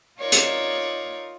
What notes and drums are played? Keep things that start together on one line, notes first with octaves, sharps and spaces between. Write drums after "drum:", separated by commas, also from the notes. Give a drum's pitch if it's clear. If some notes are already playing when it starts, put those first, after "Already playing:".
D#4 F4 A#4 C#5 D5
drum: hi-hat